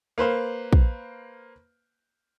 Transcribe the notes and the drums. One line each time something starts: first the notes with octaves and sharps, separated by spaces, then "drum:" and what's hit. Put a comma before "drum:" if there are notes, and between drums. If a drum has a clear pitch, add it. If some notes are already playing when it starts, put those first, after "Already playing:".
A#3 B4 C5 F5
drum: kick